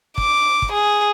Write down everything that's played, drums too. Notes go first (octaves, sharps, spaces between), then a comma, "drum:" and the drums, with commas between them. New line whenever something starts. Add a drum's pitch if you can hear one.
D6, drum: kick
drum: kick
G#4